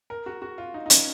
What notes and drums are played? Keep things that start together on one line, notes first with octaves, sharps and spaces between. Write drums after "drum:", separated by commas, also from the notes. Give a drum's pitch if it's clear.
A#4
F#4
F#4
F4
D#4
D#4
C#4, drum: hi-hat